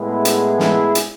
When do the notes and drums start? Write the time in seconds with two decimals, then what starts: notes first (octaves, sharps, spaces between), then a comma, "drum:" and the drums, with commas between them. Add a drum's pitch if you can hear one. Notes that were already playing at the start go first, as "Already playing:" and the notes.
Already playing: A2 G#3 B3 E4 G#4
0.25 drum: hi-hat
0.59 E4 G#4, drum: snare
0.95 drum: hi-hat